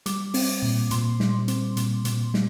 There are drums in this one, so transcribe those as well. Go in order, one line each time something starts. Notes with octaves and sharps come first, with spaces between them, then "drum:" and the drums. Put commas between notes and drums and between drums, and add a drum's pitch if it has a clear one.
G3 D6, drum: hi-hat
C4, drum: open hi-hat
A#2
A#2 C6, drum: hi-hat
G3, drum: snare
C4, drum: hi-hat
A#2, drum: hi-hat
A#2, drum: hi-hat
G3, drum: snare